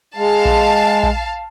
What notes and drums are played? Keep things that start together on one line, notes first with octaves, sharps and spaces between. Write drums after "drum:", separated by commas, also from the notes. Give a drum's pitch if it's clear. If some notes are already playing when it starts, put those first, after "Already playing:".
G#3 F5 A5
drum: kick A#1
drum: kick A#1